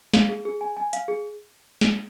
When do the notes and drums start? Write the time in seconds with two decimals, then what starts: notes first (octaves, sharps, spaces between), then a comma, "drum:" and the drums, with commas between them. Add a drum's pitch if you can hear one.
0.14 F5, drum: snare
0.29 G#4
0.45 G#4
0.61 G#5
0.77 G#5
0.93 F5, drum: hi-hat
1.08 G#4
1.81 drum: snare